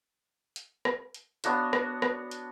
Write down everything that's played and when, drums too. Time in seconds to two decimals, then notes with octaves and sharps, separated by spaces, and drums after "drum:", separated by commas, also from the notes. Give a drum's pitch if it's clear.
0.56 drum: hi-hat
0.85 drum: rim click
1.14 drum: hi-hat
1.44 B3 D4 F#4 C#5, drum: hi-hat
1.73 drum: rim click
2.02 drum: rim click
2.31 drum: hi-hat